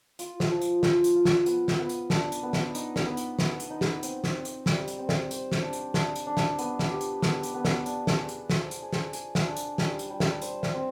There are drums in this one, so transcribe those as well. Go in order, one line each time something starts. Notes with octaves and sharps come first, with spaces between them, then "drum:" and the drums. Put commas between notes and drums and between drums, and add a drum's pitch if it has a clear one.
F4, drum: hi-hat
drum: snare
F3
drum: hi-hat
F3, drum: snare
drum: hi-hat
F4
drum: snare
B3, drum: hi-hat
drum: snare
B3
drum: hi-hat
D4, drum: snare
drum: hi-hat
B3
drum: snare
D#4, drum: hi-hat
drum: snare
B3
drum: hi-hat
B3, drum: snare
drum: hi-hat
D#4
drum: snare
C4, drum: hi-hat
drum: snare
C4
drum: hi-hat
G3, drum: snare
drum: hi-hat
C4
drum: snare
C5, drum: hi-hat
drum: snare
D4
drum: hi-hat
D4, drum: snare
drum: hi-hat
D4
drum: snare
B3, drum: hi-hat
drum: snare
G4
drum: hi-hat
B3, drum: snare
drum: hi-hat
B3
drum: snare
D4, drum: hi-hat
drum: snare
G#4
drum: hi-hat
C5, drum: snare
drum: hi-hat
G#4
drum: snare
G#4, drum: hi-hat
drum: snare
D4
drum: hi-hat
G3, drum: snare
drum: hi-hat
G3
drum: snare
C5, drum: hi-hat
drum: snare
C4